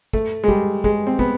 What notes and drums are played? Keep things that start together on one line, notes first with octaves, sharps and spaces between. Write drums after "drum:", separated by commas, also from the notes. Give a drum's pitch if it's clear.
A3, drum: kick
G#3
G3, drum: kick
G#3, drum: kick
C4
B3, drum: kick